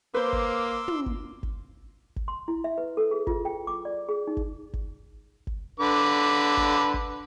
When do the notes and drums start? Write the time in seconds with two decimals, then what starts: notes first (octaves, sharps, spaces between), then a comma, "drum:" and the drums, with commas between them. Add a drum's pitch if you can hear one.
0.14 A#3 B4 C5 C6 D6 E6
0.33 drum: kick G1
0.88 drum: tom
1.06 drum: kick G1
1.43 drum: kick G1
2.16 drum: kick G1
2.28 C6
2.48 E4
2.64 E5
2.78 B4
2.97 A4
3.11 G#4
3.27 F4, drum: kick G1
3.45 G5
3.67 D6
3.85 D5
4.09 G#4
4.27 D#4
4.37 drum: kick G1
4.73 drum: kick G1
5.47 drum: kick G1
5.80 D3 B4 D6
6.57 drum: kick G1
6.94 drum: kick G1